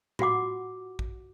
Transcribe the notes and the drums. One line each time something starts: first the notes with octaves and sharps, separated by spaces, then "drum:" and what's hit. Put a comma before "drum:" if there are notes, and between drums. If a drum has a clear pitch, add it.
F4 F#4 F#5 D6, drum: tom A2
drum: kick A#1